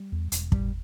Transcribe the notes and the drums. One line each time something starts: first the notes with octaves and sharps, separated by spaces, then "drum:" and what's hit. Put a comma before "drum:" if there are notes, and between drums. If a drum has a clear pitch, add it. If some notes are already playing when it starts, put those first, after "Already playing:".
Already playing: G3
E2
E1, drum: hi-hat
A2 G3, drum: kick